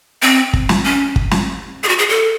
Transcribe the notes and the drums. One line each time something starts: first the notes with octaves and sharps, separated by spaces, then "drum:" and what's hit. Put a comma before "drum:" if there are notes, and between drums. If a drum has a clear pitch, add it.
C4
drum: kick
drum: snare
C#4
drum: kick
drum: snare
G#4
F#4
G#4
A4